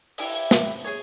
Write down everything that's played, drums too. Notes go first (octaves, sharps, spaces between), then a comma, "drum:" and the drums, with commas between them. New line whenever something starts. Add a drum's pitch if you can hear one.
E4 G4 B4 E5, drum: open hi-hat
drum: snare
G#4 C#5